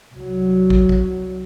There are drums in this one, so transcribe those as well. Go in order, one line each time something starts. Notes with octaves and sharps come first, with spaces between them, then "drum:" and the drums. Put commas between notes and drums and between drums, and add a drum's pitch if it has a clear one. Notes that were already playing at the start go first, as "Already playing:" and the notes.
C2 F#3
drum: kick
drum: kick